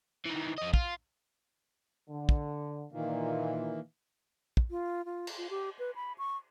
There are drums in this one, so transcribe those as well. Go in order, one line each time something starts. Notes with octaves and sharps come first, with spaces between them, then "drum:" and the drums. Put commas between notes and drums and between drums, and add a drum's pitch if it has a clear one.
D#3 E3
F2 D#5
F4, drum: kick
D3
drum: kick
A#2 D#3 E3 A#3
drum: kick
F4
F4
drum: cymbal
F4
G4
B4
B5
C#6